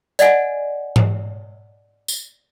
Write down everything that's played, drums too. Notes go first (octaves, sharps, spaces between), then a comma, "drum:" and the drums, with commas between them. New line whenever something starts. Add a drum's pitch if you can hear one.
D5 D#5 F#5 G#5, drum: hi-hat
drum: tom G#2
drum: tambourine